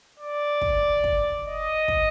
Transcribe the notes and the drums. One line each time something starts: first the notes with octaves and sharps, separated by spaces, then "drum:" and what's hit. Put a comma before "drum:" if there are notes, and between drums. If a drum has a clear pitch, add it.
D5
drum: kick
drum: kick
D#5
drum: kick